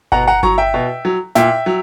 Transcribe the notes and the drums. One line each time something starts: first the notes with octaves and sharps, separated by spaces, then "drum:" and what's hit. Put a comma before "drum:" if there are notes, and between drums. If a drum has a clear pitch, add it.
B2 F#5 A#5, drum: kick G1
F#5 A#5
F#3 A#5 C#6, drum: kick G1
E5 G5
B2
F#3
A#2 E5 G5, drum: snare
F#3